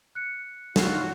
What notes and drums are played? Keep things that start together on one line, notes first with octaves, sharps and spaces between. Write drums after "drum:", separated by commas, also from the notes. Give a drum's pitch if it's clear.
F#6 C#7
A3 F4 F#4, drum: snare